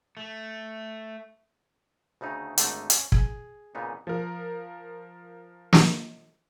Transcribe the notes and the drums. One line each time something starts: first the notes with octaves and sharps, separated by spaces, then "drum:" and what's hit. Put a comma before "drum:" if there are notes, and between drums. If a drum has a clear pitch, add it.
A3
D2 C#3 A3 D#4
G#1 D3 A3 D#4 A5, drum: hi-hat
C#4, drum: hi-hat
G#4, drum: kick
A#2 C#3 B3 D#4
F3 A#4
drum: snare